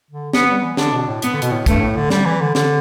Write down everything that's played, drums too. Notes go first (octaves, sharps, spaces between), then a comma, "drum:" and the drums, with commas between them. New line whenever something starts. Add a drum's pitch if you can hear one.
D3
B3, drum: snare
G3
E3
D3 D4, drum: snare
B2
A2
B3, drum: hi-hat
D3
B2, drum: hi-hat
A2
G2 A3, drum: kick, hi-hat
A2
D3
G3, drum: snare
E3
D3
D3, drum: snare